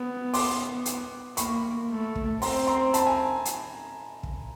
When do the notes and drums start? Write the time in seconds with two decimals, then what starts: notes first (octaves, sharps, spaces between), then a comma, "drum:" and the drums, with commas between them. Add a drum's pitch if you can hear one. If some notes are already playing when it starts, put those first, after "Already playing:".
Already playing: B3
0.34 C6 D6, drum: open hi-hat
0.86 drum: hi-hat
1.37 A#3 B5 C#6, drum: hi-hat
1.90 A3
2.15 drum: kick
2.42 C4 A#5 C6, drum: open hi-hat
2.67 A#5 C6
2.94 A5 B5, drum: hi-hat
3.07 G#5 A#5
3.45 drum: hi-hat
4.23 drum: kick